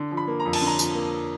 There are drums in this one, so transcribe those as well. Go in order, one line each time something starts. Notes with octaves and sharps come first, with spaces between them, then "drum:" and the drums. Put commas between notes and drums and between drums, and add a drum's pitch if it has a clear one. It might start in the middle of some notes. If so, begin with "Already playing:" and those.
Already playing: D3
F3
B5
A#3
A#5
F2
A5, drum: cymbal
D3
A#5
F3, drum: tambourine
A#3